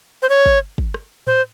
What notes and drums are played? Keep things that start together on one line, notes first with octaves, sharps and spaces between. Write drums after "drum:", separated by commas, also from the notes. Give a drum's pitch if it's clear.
C5
C#5
drum: kick
drum: kick
drum: rim click
C5, drum: tom A2